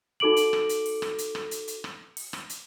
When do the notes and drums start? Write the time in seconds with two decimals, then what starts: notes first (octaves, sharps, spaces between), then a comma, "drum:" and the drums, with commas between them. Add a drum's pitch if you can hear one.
0.20 D#4 F#4 A4 D6 D7 F#7
0.37 drum: hi-hat
0.53 drum: rim click
0.69 drum: hi-hat
0.86 drum: open hi-hat
1.02 drum: rim click
1.18 drum: hi-hat
1.35 drum: rim click
1.51 drum: hi-hat
1.68 drum: hi-hat
1.84 drum: rim click
2.17 drum: open hi-hat
2.33 drum: rim click
2.49 drum: hi-hat